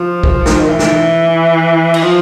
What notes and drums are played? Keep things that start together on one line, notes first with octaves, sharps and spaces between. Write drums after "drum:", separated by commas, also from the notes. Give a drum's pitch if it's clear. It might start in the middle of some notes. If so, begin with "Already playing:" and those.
Already playing: F3
drum: kick
drum: snare
D#3
E3
drum: snare
drum: cymbal
F3